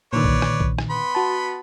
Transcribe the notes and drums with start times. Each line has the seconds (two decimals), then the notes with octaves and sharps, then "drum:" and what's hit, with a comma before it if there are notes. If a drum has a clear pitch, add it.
0.13 A#2 D3 D#3 B4 C#5 D5
0.24 drum: kick B1
0.42 drum: rim click
0.60 drum: kick B1
0.78 drum: rim click
0.90 B3 B5 C6
1.15 F#4 A5